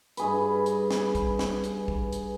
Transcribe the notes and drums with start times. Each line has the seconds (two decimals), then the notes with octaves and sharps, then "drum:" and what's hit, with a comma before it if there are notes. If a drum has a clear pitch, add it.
0.17 G2 G#4 B4, drum: hi-hat
0.66 drum: hi-hat
0.91 drum: snare
1.15 drum: kick, hi-hat
1.39 drum: snare
1.64 drum: hi-hat
1.88 drum: kick
2.13 drum: hi-hat